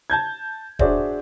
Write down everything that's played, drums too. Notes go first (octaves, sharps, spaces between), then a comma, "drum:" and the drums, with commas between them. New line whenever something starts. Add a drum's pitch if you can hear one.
A5 G6 G#6
D4 F#4 G#4 C5 D5 E5, drum: kick D#1